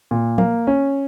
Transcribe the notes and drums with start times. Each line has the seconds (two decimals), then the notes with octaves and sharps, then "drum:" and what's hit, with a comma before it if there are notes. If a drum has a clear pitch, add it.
0.11 A#2
0.38 A#3, drum: tom F3
0.67 C#4